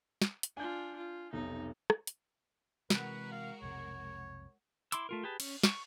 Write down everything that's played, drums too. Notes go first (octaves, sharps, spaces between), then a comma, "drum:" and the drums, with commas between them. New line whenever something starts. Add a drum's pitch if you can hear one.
drum: snare
drum: hi-hat
D4 F4 G#5 G6
F4
F1 B1 D#4
drum: rim click
drum: hi-hat
C3 E3 G#3 F#4 A#4 B4, drum: snare
F5
B1 F2 C3 C#5
E4 C6 D6 E6, drum: hi-hat
A3 F4 A#4
G4 G#4 B4 A5
C#4, drum: cymbal
C#6, drum: snare